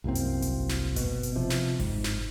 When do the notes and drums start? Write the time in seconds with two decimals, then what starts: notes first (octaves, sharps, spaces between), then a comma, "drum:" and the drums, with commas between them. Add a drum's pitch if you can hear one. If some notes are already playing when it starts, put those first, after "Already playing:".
0.04 C2 F#2 A#3 C4
0.15 drum: hi-hat
0.42 drum: kick G1, hi-hat
0.69 drum: snare
0.96 B2, drum: kick G1, hi-hat
1.23 drum: hi-hat
1.36 C3 F3
1.50 drum: snare
1.80 G#2, drum: kick G1, open hi-hat
2.04 drum: snare